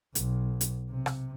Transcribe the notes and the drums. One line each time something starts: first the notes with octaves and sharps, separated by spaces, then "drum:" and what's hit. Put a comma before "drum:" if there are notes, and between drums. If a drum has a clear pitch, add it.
B1, drum: hi-hat
drum: hi-hat
C3
drum: rim click